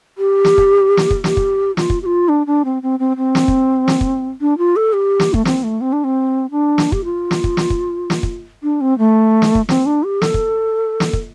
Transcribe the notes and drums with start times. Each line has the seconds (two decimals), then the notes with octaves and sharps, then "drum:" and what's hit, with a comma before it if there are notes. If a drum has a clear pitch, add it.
0.18 G4
0.45 drum: snare
0.58 drum: kick
0.97 drum: snare
1.10 drum: kick
1.24 G4, drum: snare
1.37 drum: kick
1.77 F4, drum: snare
1.90 drum: kick
2.02 G4
2.06 F4
2.29 D4
2.47 D4
2.65 C4
2.83 C4
2.99 C4
3.17 C4
3.35 drum: snare
3.48 drum: kick
3.88 drum: snare
4.01 drum: kick
4.41 D4
4.58 F4
4.76 A4
4.93 G4
5.20 drum: snare
5.34 A3, drum: kick
5.45 C4, drum: snare
5.63 A3
5.81 C4
5.93 D4
6.04 C4
6.51 D4
6.78 drum: snare
6.92 G4, drum: kick
7.05 F4
7.31 drum: snare
7.44 drum: kick
7.57 drum: snare
7.70 drum: kick
8.10 drum: snare
8.23 drum: kick
8.63 D4
8.81 C4
8.98 A3
9.42 drum: snare
9.55 drum: kick
9.69 C4, drum: snare
9.86 D4
10.03 G4
10.22 A4, drum: snare
10.34 drum: kick
11.00 drum: snare
11.13 drum: kick